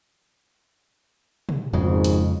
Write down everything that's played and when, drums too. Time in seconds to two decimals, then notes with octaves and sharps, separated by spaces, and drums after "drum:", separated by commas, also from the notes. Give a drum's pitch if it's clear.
1.49 drum: tom
1.73 G#1 F2 G#2 C#3 G#3
2.04 drum: hi-hat